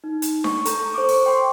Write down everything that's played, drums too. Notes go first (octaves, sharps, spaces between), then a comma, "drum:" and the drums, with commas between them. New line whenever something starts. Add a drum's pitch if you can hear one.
D#4
drum: hi-hat
C#6, drum: snare D4
A4 A#5 G6, drum: hi-hat
C5 C#6 D6
drum: open hi-hat
G5 C6